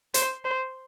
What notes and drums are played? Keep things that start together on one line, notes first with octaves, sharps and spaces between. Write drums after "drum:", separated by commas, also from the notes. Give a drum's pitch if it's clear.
C5, drum: hi-hat
C5